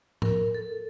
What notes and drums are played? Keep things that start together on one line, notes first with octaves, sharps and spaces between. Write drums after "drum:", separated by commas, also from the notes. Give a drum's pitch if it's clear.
A#4, drum: tom A2
A4